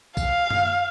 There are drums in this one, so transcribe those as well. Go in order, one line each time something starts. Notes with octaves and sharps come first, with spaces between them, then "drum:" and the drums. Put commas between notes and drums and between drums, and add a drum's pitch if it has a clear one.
F5, drum: kick A#1, tambourine
drum: tom F#2